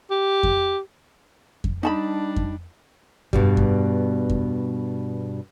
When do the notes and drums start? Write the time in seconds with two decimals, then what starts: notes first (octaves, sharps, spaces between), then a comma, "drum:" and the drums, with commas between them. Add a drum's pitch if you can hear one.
0.11 G4
0.43 drum: kick F2
1.64 drum: kick F2
1.83 G3 D4 D#4 A5 B5
2.36 drum: kick F2
3.33 G2 B2 G3, drum: kick F2
3.57 drum: kick F2
4.30 drum: kick F2